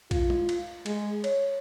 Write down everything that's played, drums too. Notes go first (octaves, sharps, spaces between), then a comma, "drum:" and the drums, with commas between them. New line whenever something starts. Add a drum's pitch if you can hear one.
F4, drum: kick A#1, cymbal
drum: tom
drum: cymbal
G#3, drum: cymbal
C#5, drum: cymbal